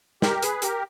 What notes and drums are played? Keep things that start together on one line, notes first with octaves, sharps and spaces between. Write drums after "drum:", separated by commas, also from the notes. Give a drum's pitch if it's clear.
G4 A#4, drum: snare
G#4 B4, drum: hi-hat
G4 A#4, drum: hi-hat